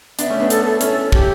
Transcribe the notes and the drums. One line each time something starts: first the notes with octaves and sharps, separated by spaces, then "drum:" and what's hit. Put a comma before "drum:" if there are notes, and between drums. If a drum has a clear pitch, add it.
B3 D4 E5, drum: hi-hat
A3 C#4
B3 D4
A4, drum: hi-hat
A4
C#4 E4 A4, drum: hi-hat
G4, drum: kick